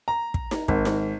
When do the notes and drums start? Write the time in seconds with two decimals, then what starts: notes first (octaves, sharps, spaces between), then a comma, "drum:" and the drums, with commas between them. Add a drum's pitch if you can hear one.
0.08 A#5
0.34 drum: kick
0.51 drum: snare D#4
0.68 G#1, drum: kick
0.85 drum: snare D#4